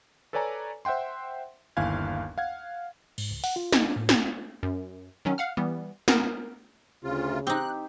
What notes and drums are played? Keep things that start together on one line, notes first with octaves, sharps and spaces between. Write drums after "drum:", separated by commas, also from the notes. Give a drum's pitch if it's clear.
A4 B4 C#5 D5 G#5 A#5
C5 E5 F#5 G5 C6
G1 D#2 E4 F5 G#5 G#6
F5 F#5 G#6
G#2, drum: cymbal
C#2
F#5, drum: open hi-hat
F4
D#4, drum: snare
D4
A2
drum: snare
F#2
D#3 F#3 C#4
F5 F#5 F6
E3 G3 B3
B3 A#4, drum: snare
D2 C#3 F4
C4 D#4 G4 F#6